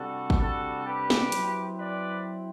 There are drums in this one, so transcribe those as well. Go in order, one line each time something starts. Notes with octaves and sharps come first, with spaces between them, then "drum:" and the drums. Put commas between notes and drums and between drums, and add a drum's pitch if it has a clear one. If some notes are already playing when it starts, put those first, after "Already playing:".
Already playing: C3 G3 D4 F#4 A4
drum: kick G#1
F#4 A4
G4 B4
drum: snare
F#3 C4 E4, drum: hi-hat
B4 D5